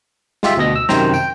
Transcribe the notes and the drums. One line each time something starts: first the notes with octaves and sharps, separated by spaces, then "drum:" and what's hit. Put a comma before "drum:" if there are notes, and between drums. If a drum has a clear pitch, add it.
G#3 F4 G4 E5, drum: snare
D2 B2 D#5 A#6
E6
F#2 C3 D#3 C4 C5 A#5, drum: snare
G5, drum: tambourine